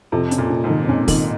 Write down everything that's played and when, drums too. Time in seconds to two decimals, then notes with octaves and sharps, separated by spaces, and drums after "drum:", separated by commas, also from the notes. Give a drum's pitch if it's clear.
0.12 F2 C3
0.31 C#4, drum: hi-hat
0.38 A#2
0.50 C#4
0.64 G#2
0.70 D#3
0.89 A#2 C#4
1.08 D#3, drum: kick, open hi-hat